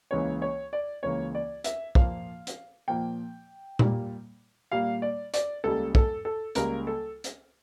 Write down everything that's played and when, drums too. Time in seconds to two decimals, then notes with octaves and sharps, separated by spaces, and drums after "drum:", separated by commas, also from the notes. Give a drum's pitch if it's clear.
0.11 C#2 C#3 E3 A#3 C#5
0.42 C#5
0.73 D5
1.03 C#2 C#3 E3 A#3 C#5
1.35 D5
1.64 E5, drum: hi-hat
1.95 A#2 F3 A#3 F5, drum: kick
2.47 drum: hi-hat
2.88 A#2 F3 A#3 G5
3.79 A#2 G3 A#3, drum: tom A#2
4.72 A#2 G3 A#3 F5
5.02 D5
5.34 D5, drum: hi-hat
5.64 C#2 C#3 G3 A#3 A4
5.95 A4, drum: kick
6.25 A4
6.55 C#2 C#3 G3 A#3 A#4, drum: hi-hat
6.87 A4
7.24 drum: hi-hat